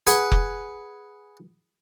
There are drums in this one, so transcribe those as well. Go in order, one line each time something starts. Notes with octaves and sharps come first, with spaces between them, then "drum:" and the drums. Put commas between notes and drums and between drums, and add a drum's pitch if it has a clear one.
G#4 B4 F#5 G#5, drum: hi-hat
drum: kick F1